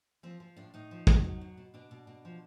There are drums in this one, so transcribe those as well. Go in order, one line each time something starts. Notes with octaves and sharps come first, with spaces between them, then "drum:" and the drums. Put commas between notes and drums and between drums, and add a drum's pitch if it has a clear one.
F3 C4
F3
A2 D4
A2 D#4
F3
F3, drum: kick
F#3
B2
B2
B2 D4
B2
B2
F3